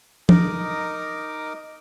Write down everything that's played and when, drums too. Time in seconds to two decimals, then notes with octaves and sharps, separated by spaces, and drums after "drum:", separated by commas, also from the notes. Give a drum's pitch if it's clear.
0.29 D#4 A#4 D#5 D6, drum: tom